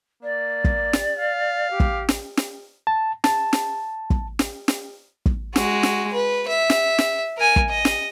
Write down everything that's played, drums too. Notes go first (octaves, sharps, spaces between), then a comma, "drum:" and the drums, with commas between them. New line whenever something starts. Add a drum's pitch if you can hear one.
A#3 D5
drum: kick
drum: snare
F5
G4
drum: kick
drum: snare
drum: snare
A5
A5, drum: snare
drum: snare
drum: kick
drum: snare
drum: snare
drum: kick
G#3 F#4, drum: snare
drum: snare
B4
E5
drum: snare
drum: snare
A#4 G#5
drum: kick
D#5
drum: snare